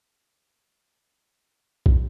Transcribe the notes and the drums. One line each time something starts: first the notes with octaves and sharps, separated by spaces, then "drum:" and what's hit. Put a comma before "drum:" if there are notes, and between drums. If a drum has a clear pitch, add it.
A3 C#4 C5 C#5 F5 A5
drum: kick B1